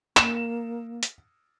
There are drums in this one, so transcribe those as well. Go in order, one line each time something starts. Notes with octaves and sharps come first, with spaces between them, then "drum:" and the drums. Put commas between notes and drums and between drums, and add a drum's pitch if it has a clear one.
A#3 E7, drum: clap
drum: hi-hat